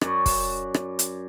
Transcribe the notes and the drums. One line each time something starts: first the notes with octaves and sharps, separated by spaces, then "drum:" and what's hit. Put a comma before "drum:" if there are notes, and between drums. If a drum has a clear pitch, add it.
F#2 D5, drum: rim click
drum: kick, open hi-hat
drum: rim click
drum: hi-hat